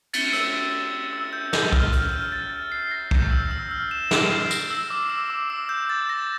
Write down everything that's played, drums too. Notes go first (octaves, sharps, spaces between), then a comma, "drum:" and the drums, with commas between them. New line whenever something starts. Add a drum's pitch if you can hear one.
A6, drum: cymbal
E6, drum: hi-hat
E6
G6
G6, drum: snare
F6, drum: kick
F6, drum: hi-hat
F6
A6
C7
A#6
G6, drum: kick
E6
E6
F6
E7
D7, drum: snare
C7
A#6, drum: tambourine
E6
D6
E6
D6
E6
G6
A6
A#6